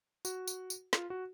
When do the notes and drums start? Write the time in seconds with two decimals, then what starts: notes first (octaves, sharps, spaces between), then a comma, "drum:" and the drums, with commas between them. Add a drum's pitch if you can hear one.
0.25 F#4, drum: tambourine
0.47 drum: tambourine
0.70 drum: tambourine
0.93 F4, drum: snare
1.10 F#4